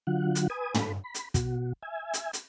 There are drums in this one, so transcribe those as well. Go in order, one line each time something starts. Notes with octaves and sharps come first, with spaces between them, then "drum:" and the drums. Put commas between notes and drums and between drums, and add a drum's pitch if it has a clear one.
D3 F#3 F4 F#5
drum: hi-hat
B4 G#5 D#6
A4 B5, drum: tom
B5
drum: hi-hat
B2 F#4, drum: kick, hi-hat
E5 G#5
drum: hi-hat
drum: hi-hat